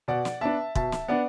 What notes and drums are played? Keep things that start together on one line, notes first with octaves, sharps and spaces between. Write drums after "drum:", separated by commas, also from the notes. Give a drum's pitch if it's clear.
B2 D5 F#5
drum: snare
B3 D4 E5 A5
B2 E5 A5, drum: kick
drum: snare
B3 D4 D5 F#5